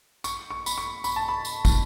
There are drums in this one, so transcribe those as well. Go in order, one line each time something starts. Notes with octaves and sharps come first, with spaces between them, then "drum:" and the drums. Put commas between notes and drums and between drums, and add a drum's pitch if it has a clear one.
C#6, drum: tambourine
C#6
B5, drum: tambourine
C#6
B5, drum: tambourine
A5
B5
drum: tambourine
drum: kick, tambourine